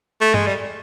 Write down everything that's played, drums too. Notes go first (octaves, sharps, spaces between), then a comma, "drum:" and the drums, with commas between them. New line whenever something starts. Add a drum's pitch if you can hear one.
A3
G#3, drum: tom G2
G3